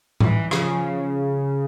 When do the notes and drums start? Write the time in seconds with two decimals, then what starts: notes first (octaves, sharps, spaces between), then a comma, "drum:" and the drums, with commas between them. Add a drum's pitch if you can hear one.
0.20 E3, drum: tom A2
0.51 C#3 F3, drum: rim click